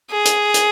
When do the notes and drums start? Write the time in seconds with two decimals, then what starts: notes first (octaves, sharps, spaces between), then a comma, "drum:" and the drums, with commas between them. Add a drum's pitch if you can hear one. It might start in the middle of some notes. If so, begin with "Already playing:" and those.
0.11 G#4
0.25 drum: hi-hat
0.54 drum: hi-hat